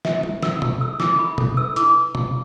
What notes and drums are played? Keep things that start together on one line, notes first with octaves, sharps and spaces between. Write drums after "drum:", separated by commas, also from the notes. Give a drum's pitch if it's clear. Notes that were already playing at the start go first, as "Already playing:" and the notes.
B4 E5, drum: snare
E4, drum: tom
E4 E6, drum: snare
B4, drum: tom
A4 E6
E4 D6, drum: snare
E4 B5
A4, drum: tom
B4 E6
E4 D6, drum: hi-hat
drum: tom